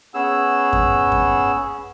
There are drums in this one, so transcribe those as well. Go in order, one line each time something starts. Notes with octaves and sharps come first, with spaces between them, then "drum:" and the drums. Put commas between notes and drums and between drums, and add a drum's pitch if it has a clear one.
B3 C#4 G#4 E6
drum: kick F#2
drum: kick F#2